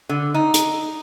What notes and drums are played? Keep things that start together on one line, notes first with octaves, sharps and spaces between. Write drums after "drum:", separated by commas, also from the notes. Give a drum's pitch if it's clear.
D3
D#4
drum: hi-hat